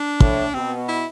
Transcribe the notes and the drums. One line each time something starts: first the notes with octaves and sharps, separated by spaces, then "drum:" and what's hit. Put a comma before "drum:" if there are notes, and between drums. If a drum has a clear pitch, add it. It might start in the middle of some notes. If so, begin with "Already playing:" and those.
Already playing: D4
A2, drum: kick
B2 C4
E4